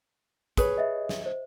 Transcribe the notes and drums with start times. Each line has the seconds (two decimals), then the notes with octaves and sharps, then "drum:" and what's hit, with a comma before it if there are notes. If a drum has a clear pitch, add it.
0.57 G4 G#4 B4 C#5, drum: kick, hi-hat
0.78 D#5 E5
1.09 drum: snare
1.26 C5